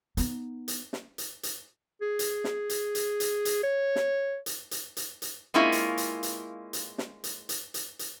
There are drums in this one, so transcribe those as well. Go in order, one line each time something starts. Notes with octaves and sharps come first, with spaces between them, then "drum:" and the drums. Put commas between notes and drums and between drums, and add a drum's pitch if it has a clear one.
B3 D#4, drum: hi-hat
drum: hi-hat
drum: snare
drum: hi-hat
drum: hi-hat
G#4
drum: hi-hat
drum: snare
drum: hi-hat
drum: hi-hat
drum: hi-hat
drum: hi-hat
C#5
drum: snare
drum: hi-hat
drum: hi-hat
drum: hi-hat
drum: hi-hat
G#3 A#3 C4 C#4 E4 F4
drum: hi-hat
drum: hi-hat
drum: hi-hat
drum: hi-hat
drum: snare
drum: hi-hat
drum: hi-hat
drum: hi-hat
drum: hi-hat